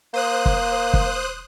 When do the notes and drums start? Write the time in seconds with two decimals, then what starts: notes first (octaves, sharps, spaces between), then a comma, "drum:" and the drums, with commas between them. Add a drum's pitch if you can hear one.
0.14 A#3 C5 D#6 F#6
0.46 drum: kick
0.93 drum: kick